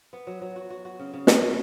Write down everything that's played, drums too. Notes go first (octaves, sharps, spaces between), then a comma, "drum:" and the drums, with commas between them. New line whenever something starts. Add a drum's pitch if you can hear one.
B3
F#3
F#3
F#4
F#4
F#4
C#3
C#3
D4, drum: snare
F#4